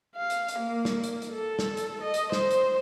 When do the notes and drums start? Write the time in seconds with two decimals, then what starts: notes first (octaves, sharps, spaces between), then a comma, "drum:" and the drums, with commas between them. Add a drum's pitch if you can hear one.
0.16 F5
0.30 drum: hi-hat
0.48 drum: hi-hat
0.59 A#3
0.85 drum: snare
1.04 drum: hi-hat
1.22 drum: hi-hat
1.32 A4
1.59 drum: snare
1.77 drum: hi-hat
2.02 D#5
2.14 drum: hi-hat
2.32 C5, drum: snare
2.51 drum: hi-hat